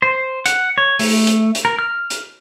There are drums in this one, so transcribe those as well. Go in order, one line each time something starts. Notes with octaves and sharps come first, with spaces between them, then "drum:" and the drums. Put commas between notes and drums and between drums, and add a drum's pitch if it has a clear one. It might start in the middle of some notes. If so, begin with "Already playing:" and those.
C5
F#5, drum: hi-hat
C#5
A3, drum: open hi-hat
drum: hi-hat
drum: hi-hat
A#4
F6
drum: hi-hat